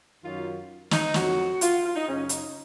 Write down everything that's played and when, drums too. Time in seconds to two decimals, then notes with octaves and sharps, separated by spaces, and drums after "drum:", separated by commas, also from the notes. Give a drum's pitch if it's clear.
0.23 F#2 D#3 F#3 F4
0.91 D#4, drum: snare
1.14 F2 D#3 F#3 F#4, drum: snare
1.61 F4, drum: hi-hat
1.84 F4
1.95 D#4
2.06 F#2 C#3 F#3 C#4
2.29 D#4, drum: hi-hat